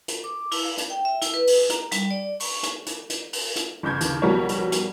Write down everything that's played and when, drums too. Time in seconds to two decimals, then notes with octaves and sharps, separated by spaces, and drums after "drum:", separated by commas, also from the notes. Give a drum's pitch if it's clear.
0.08 drum: hi-hat
0.24 D6
0.52 E4, drum: open hi-hat
0.64 F5
0.78 drum: hi-hat
0.90 G5
1.05 E5
1.22 E4, drum: hi-hat
1.34 B4
1.47 drum: open hi-hat
1.70 A#5, drum: hi-hat
1.92 G3, drum: hi-hat
2.11 D5
2.40 C#6, drum: open hi-hat
2.63 drum: hi-hat
2.86 drum: hi-hat
3.10 drum: hi-hat
3.33 drum: open hi-hat
3.56 drum: hi-hat
3.83 G1 C#3 G6 G#6
4.01 D#2 C#3, drum: hi-hat
4.22 A#1 B2 F#3 G3 A#4 C#5
4.49 drum: hi-hat
4.72 drum: hi-hat